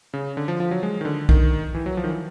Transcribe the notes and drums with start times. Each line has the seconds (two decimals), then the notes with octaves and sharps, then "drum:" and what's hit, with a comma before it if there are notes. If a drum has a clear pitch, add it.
0.14 C#3
0.37 D3
0.48 F3
0.60 F3
0.71 F#3
0.83 G#3
1.01 D#3
1.05 D3
1.29 D#3, drum: kick B1
1.75 E3
1.86 F#3
1.97 F3
2.04 D#3
2.09 E3